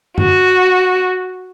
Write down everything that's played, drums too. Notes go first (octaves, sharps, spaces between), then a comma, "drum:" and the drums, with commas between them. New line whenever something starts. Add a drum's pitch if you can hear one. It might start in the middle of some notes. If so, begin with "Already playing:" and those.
F#4, drum: tom F#2